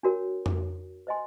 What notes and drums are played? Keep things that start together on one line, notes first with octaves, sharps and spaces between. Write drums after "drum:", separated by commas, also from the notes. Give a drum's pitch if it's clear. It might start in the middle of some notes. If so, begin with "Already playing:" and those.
D4 F#4 A#4 C#5
drum: tom F2
C5 D#5 G#5 C6